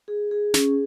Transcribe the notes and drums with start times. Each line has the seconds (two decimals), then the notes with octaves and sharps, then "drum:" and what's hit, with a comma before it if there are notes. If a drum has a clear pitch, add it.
0.08 G#4
0.31 G#4
0.54 C#4, drum: snare